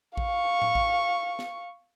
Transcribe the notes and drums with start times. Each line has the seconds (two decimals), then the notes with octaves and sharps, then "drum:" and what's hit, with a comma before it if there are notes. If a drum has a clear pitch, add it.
0.17 F5 C#6, drum: kick A#1
0.62 drum: tom A2
0.75 drum: kick A#1
1.39 drum: snare